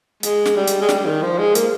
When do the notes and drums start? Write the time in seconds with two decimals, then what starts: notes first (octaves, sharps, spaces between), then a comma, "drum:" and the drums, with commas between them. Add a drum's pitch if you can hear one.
0.23 G#3, drum: hi-hat
0.45 drum: snare
0.56 G3
0.67 drum: hi-hat
0.81 G#3
0.89 G3, drum: snare
1.06 D#3
1.22 F3
1.39 G#3
1.55 A#3, drum: hi-hat